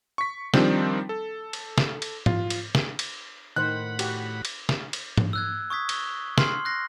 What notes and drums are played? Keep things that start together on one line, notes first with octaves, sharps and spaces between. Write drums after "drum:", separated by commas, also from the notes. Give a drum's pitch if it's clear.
C#6 B6
D#3 F3 G3 C4 D4, drum: snare
A4
drum: cymbal
drum: snare
drum: cymbal
F4, drum: tom G#2
drum: cymbal
drum: snare
drum: cymbal
A2 D#3 C5 F#5 B5 F#6
F#4 G4, drum: cymbal
drum: cymbal
drum: snare
drum: cymbal
drum: tom G#2
E6 F#6 G#6
C#6 D#6 G#6 B6
G7, drum: cymbal
C6 F6 C7, drum: snare
F#6 A#6 C7